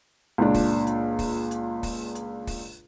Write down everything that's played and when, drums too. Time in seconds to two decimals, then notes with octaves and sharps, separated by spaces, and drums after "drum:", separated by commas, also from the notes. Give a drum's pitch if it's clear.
0.38 C#2 A#2 D4
0.54 drum: kick, open hi-hat
0.87 drum: hi-hat
1.19 drum: kick, open hi-hat
1.51 drum: hi-hat
1.83 drum: kick, open hi-hat
2.15 drum: hi-hat
2.47 drum: kick, open hi-hat